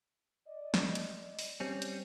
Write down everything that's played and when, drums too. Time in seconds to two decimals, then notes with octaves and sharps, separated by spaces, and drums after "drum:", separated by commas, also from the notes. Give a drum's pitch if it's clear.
0.48 D5 D#5
0.74 drum: snare
0.95 drum: hi-hat
1.39 drum: open hi-hat
1.60 G3 C4 C#4
1.82 drum: hi-hat